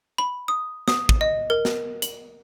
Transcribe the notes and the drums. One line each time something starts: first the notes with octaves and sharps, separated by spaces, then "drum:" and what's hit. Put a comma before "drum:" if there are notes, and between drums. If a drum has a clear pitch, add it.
B5
D#6
D#6, drum: snare
drum: kick
D#5
A#4
drum: snare
F#7, drum: hi-hat